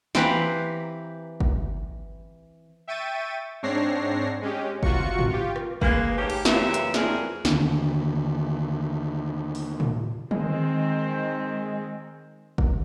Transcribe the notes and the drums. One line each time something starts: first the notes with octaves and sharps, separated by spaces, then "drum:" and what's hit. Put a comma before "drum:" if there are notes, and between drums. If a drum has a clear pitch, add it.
E3 C4 G4 B4 F5 A#5, drum: snare
drum: kick G1
E5 G5 C#6 A6 D#7
G#2 C4 D4 C#5 A#6 C7
G#3 C#4 G4
C3 F4 F#4 C#6 C#7, drum: kick G1
drum: tom
F4 G4
drum: rim click
G#3 A#3 B4, drum: kick G1
G#2 A3 C#4 G4
drum: cymbal
F#2 A#2 C#3 E3 G4 E5, drum: snare
drum: hi-hat
F2 E3 C4 D4 G#4 A#4, drum: snare
D#2 D3, drum: snare
drum: open hi-hat
drum: tom
D#3 G#3 C4, drum: tom
drum: kick G1